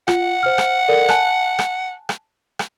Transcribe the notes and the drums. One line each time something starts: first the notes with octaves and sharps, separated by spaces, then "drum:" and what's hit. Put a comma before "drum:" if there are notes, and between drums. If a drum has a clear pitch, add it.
F4 F#5, drum: rim click
C5 F6
drum: rim click
A4 A#4 D5
G#5 A5 F#6, drum: rim click
drum: rim click
drum: rim click
drum: rim click